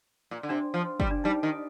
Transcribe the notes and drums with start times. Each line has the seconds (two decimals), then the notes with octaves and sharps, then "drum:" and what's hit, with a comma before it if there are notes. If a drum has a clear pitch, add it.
0.31 A#2
0.43 D3
0.49 C3 D4
0.74 F3
1.00 G3, drum: kick
1.11 D4
1.24 G3 D#4
1.43 D#3